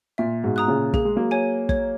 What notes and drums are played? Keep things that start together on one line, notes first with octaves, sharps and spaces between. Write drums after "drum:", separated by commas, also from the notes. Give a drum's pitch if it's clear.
A#2 E5
G#2 B2
A#5 D#6 F#6
A#2 C#3
A#3 G#4, drum: kick
G#3
F#3 A#3
C#5 G#5
C#5, drum: kick